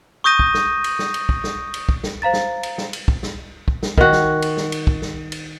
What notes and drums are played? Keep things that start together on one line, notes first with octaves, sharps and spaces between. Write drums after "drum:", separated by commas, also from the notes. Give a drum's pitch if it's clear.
C#6 D#6 G6 A#6 D#7
drum: kick
drum: snare
drum: cymbal
drum: snare
drum: cymbal
drum: kick
drum: snare
drum: cymbal
drum: kick
drum: snare
C5 F5 A#5 A6
drum: snare
drum: cymbal
drum: snare
drum: cymbal
drum: kick
drum: snare
drum: kick
drum: snare
D#3 F#4, drum: kick
drum: snare
drum: cymbal
drum: snare
drum: cymbal
drum: kick
drum: snare
drum: cymbal